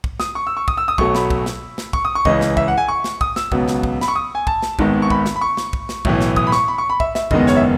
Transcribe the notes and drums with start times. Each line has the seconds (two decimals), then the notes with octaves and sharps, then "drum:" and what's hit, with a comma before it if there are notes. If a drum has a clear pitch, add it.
0.04 drum: kick
0.20 D#6, drum: snare
0.35 C#6
0.47 E6
0.57 C#6
0.68 D#6, drum: kick
0.77 E6
0.88 D#6
0.98 B1 B2 F#3 A3 C#6, drum: kick
1.15 B5, drum: snare
1.30 drum: kick
1.46 drum: snare
1.78 drum: snare
1.93 C#6, drum: kick
2.05 D#6
2.15 C#6
2.25 C#2 C#3 E3 D#5, drum: kick
2.41 drum: snare
2.57 E5, drum: kick
2.68 F#5
2.78 G#5
2.88 C#6
3.04 drum: snare
3.21 D#6, drum: kick
3.36 E6, drum: snare
3.52 C#2 B2 F#3 B3, drum: kick
3.68 drum: snare
3.83 drum: kick
4.01 B5, drum: snare
4.08 C#6
4.16 D#6
4.35 G#5
4.47 A5, drum: kick
4.63 drum: snare
4.79 G#1 G#2 D#3 G#3 B3, drum: kick
5.02 C#6
5.10 B5, drum: kick
5.26 drum: snare
5.36 B5
5.41 C#6
5.57 drum: snare
5.73 drum: kick
5.89 drum: snare
6.05 B1 A2 E3, drum: kick
6.21 drum: snare
6.36 D#6, drum: kick
6.47 B5
6.52 C#6, drum: snare
6.68 B5
6.78 C#6
6.90 B5
7.00 E5, drum: kick
7.15 E5, drum: snare
7.31 F#1 E2 D#3 G#3 B3 D#5, drum: kick
7.47 C#5, drum: snare
7.57 E5